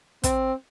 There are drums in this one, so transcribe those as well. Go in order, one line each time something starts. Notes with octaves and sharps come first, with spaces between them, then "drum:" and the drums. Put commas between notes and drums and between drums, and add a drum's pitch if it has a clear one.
C4, drum: kick, hi-hat